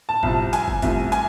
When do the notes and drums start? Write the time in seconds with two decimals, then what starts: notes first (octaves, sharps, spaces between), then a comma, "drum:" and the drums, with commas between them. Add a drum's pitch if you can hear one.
0.09 A5
0.23 C2 C3 F3, drum: kick
0.53 G#5, drum: hi-hat
0.68 drum: kick
0.82 C2 C3 F3 A3, drum: kick, hi-hat
1.12 G#5, drum: hi-hat